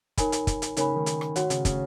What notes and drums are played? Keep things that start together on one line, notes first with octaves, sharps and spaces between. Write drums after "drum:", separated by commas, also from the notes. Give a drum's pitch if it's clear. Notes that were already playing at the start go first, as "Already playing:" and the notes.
D#4 A#4 C#5 G#5 B5, drum: kick, hi-hat
drum: hi-hat
drum: kick, hi-hat
drum: hi-hat
C#3 D#4 A#4 C#5 G#5 B5, drum: hi-hat
D#3
drum: hi-hat
drum: rim click
D#3 F#4 C#5 F#5, drum: hi-hat
C#3, drum: hi-hat
C#3, drum: kick, hi-hat